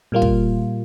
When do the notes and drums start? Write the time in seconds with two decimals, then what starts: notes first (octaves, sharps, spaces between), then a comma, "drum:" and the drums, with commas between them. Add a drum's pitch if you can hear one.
0.12 A#2 G3 A#3 F4
0.22 drum: kick